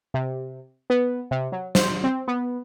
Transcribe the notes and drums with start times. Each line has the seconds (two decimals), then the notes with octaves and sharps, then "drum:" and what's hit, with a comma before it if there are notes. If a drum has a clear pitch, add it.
0.14 C3
0.90 B3
1.31 C3
1.52 F#3
1.75 C5, drum: snare
2.04 C4
2.28 B3